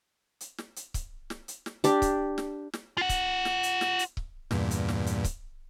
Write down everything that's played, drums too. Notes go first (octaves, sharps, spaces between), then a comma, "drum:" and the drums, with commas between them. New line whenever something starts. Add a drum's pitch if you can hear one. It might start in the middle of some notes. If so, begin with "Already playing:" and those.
drum: hi-hat
drum: snare
drum: hi-hat
drum: kick C#1, hi-hat
drum: snare
drum: hi-hat
drum: snare
D4 G4, drum: hi-hat
drum: kick C#1, hi-hat
drum: snare
drum: snare
F4 F#5
drum: kick C#1, hi-hat
drum: snare
drum: hi-hat
drum: snare
drum: hi-hat
drum: kick C#1
E2 G2 A#2, drum: snare
drum: hi-hat
drum: snare
drum: hi-hat
drum: kick C#1, hi-hat